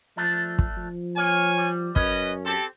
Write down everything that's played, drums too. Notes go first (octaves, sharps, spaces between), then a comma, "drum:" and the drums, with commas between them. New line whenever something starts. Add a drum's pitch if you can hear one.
F3 A3 D4
drum: kick
F3
A#3 C#5 G#5
G3
F#2 C#4 B4 D#5, drum: kick
C4 G4 A4